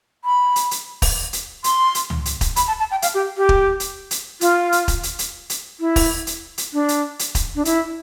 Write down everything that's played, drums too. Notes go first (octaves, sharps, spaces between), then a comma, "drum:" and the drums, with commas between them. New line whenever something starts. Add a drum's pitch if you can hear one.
B5
drum: hi-hat
drum: hi-hat
drum: kick, open hi-hat
drum: hi-hat
C6, drum: hi-hat
drum: hi-hat
drum: tom C#2
drum: hi-hat
drum: kick, hi-hat
B5, drum: hi-hat
A5
A5
G5
F5, drum: hi-hat
G4
G4
drum: kick
drum: hi-hat
drum: hi-hat
F4, drum: hi-hat
drum: hi-hat
drum: kick, hi-hat
drum: hi-hat
drum: hi-hat
drum: hi-hat
E4
drum: kick, open hi-hat
drum: hi-hat
drum: hi-hat
D4
drum: hi-hat
drum: hi-hat
drum: kick, hi-hat
D4
E4, drum: hi-hat